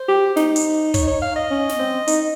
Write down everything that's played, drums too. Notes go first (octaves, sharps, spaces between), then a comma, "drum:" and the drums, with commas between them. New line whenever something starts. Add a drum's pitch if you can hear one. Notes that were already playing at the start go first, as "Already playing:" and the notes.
Already playing: C5
G4
D#4, drum: snare
drum: hi-hat
C#5, drum: kick, hi-hat
C#5
F5
D#5
C#4
drum: snare
C4
D#4, drum: hi-hat